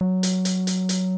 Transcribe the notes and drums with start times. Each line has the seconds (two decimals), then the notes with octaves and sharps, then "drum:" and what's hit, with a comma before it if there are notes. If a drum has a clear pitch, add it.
0.01 F#3
0.23 drum: hi-hat
0.45 drum: hi-hat
0.67 drum: hi-hat
0.89 drum: hi-hat